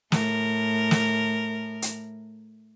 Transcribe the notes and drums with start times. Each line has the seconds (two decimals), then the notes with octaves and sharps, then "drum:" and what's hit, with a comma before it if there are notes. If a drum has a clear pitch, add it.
0.12 A2 A#4, drum: snare
0.91 drum: snare
1.82 drum: hi-hat